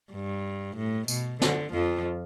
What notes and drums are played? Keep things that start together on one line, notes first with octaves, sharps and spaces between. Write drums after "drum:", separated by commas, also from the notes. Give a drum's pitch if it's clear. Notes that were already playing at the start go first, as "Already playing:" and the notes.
G2
A2
B2, drum: tambourine
D3, drum: snare
F2 F3